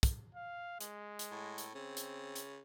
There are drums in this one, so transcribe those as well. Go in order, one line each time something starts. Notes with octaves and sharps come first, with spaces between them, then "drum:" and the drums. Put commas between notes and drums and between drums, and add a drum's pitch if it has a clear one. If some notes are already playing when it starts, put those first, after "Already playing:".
drum: kick, hi-hat
F5
G#3, drum: hi-hat
drum: hi-hat
A2
drum: hi-hat
C#3 C4
drum: hi-hat
drum: hi-hat